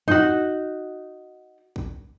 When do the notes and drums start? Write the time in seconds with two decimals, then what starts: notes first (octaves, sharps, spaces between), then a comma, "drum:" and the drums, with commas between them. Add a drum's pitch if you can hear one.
0.08 D#4 F#4, drum: tom E2
1.76 drum: kick